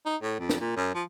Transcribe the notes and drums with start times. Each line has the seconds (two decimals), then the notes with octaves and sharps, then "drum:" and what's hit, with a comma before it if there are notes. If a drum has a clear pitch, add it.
0.06 D#4
0.22 A2
0.39 F2
0.50 drum: snare
0.60 A#2
0.76 F#2
0.94 F3